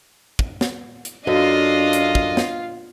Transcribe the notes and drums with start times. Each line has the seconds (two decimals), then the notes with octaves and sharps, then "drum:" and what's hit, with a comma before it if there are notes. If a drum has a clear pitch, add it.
0.39 drum: kick
0.61 drum: snare
1.05 drum: hi-hat
1.27 F#2 D4 F4 A4 D#5 F5
1.93 drum: hi-hat
2.15 drum: kick
2.37 drum: snare